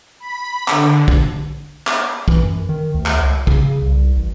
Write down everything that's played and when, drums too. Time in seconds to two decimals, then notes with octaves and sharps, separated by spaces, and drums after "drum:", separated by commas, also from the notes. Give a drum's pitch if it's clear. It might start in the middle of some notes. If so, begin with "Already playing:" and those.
0.19 B5
0.68 D3, drum: clap
1.08 drum: kick
1.87 drum: clap
2.28 E3, drum: kick
2.43 F#2
2.69 D#3
2.95 D2
3.06 drum: clap
3.20 C#2
3.47 C#3, drum: kick
3.60 C#3
3.82 C2
4.17 A1